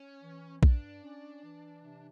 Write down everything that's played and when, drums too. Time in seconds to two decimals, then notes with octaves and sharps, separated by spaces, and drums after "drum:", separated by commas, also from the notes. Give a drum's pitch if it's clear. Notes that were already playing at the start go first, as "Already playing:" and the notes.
Already playing: C#4
0.22 E3
0.63 G2 D4, drum: kick A#1
1.02 C#4
1.43 E3
1.82 C3